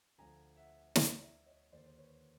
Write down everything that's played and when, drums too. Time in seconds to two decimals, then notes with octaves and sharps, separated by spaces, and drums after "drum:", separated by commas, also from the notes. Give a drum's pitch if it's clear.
0.18 D2 D3 F3 G#5 A#5
0.57 E5 F#5
0.96 drum: snare
1.21 D5 E5
1.46 C#5 D#5
1.72 D#2 D3 F3 A#3 C5 D5
1.86 C5
1.98 B4 C#5